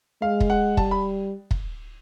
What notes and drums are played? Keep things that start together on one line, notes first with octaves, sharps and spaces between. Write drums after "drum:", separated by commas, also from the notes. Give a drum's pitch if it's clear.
G#3 F5
drum: kick
F#5
G3 A5, drum: kick
B5
drum: kick